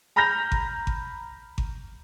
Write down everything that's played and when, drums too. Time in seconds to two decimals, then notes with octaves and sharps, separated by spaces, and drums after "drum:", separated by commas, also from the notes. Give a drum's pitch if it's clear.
0.16 A#5 B5 F6 G6 A#6 F7
0.52 drum: kick G#1
0.87 drum: kick G#1
1.58 drum: kick G#1